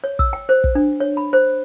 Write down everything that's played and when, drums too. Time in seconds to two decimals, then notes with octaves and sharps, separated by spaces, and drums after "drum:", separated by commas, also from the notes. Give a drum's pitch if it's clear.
0.04 C#5
0.19 E6, drum: kick
0.33 G5
0.49 C5
0.64 drum: kick
0.75 D4
1.00 C#5
1.17 B5
1.33 C5